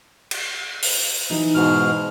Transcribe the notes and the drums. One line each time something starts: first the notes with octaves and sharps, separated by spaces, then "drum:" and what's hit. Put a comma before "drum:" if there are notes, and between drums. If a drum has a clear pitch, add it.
drum: cymbal
drum: open hi-hat
E3 D#4
G#2 B2 F6